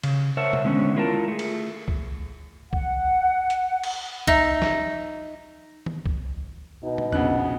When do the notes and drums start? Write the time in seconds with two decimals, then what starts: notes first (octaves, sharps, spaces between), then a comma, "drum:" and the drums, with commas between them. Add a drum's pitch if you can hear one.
0.03 C#3, drum: cymbal
0.37 A#4 C5 C#5 E5 F#5 A5
0.53 drum: tom
0.64 D3 D#3 G#3 B3 C#4
0.96 E4 F4 A#4 G5 A5
1.28 A3 G#4
1.39 drum: cymbal
1.88 drum: kick C2
2.73 F#5, drum: kick C2
3.50 drum: hi-hat
3.84 drum: cymbal
4.27 D#4 E5, drum: kick C2
4.62 drum: snare
5.86 drum: tom D#3
6.06 drum: kick C2
6.83 B2 D#4
6.98 drum: tom
7.12 A#1 C#3 B3 F#6, drum: tom E2